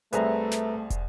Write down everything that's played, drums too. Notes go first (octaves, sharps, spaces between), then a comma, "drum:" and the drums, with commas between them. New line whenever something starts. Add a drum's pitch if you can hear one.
C2 A3 C4 G#4 B4 E5 A#5, drum: hi-hat
drum: snare
drum: kick, hi-hat